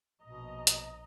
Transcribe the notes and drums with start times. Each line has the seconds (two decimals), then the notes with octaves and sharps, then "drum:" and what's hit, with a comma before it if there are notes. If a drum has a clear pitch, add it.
0.23 A#1 B2 D#5 A#5
0.67 drum: hi-hat